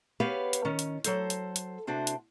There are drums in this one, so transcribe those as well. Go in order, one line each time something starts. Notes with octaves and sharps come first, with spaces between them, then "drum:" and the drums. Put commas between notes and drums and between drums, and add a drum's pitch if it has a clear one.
B3 G4 B4 C#5 F5
drum: hi-hat
D#3 C#4
drum: hi-hat
F#3 A4 C5, drum: hi-hat
drum: hi-hat
drum: hi-hat
C3 D4 F#4 C5
drum: hi-hat